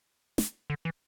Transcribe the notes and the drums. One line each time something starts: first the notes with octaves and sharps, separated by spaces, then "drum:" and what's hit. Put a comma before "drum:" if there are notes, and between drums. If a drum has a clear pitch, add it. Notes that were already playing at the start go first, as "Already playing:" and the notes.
drum: snare
D3
E3